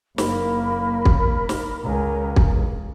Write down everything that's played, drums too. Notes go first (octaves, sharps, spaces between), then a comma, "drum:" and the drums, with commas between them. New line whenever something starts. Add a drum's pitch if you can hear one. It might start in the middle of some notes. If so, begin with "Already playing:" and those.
F#1 A#3 A#4 B5, drum: snare
drum: kick
drum: snare
C#2 A#4 G#5 A#5
drum: kick